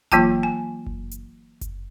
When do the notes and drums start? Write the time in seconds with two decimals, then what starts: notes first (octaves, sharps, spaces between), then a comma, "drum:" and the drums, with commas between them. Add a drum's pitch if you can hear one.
0.12 E3 F#3 A#3 F4 G5 A5, drum: kick F#1, hi-hat
0.43 G#5
0.86 drum: kick F#1
1.11 drum: hi-hat
1.61 drum: kick F#1, hi-hat